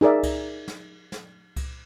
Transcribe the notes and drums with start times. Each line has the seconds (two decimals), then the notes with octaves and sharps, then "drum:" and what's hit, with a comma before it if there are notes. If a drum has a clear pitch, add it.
0.01 D#4 G#4 A#4 D5 E5
0.23 drum: kick C2, cymbal
0.68 drum: snare
1.12 drum: snare
1.56 drum: kick C2, cymbal